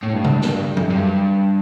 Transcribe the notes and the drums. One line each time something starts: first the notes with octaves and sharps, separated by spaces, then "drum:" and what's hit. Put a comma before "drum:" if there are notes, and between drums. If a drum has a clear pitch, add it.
A2
G2
drum: tom C#3
drum: snare
F#2, drum: tom
G2